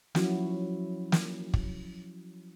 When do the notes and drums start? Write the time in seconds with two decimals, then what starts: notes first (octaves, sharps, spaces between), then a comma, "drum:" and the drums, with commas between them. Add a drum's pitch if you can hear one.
0.15 F3 F#3 C#4 E4 F#4, drum: snare
1.12 drum: snare
1.54 drum: kick